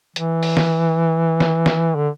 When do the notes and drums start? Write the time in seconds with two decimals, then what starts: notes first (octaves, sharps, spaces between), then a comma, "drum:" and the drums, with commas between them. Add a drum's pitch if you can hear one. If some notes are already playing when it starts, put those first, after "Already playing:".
0.16 E3, drum: hi-hat
0.43 drum: open hi-hat
0.57 drum: snare
1.40 drum: snare
1.66 drum: snare
1.95 D3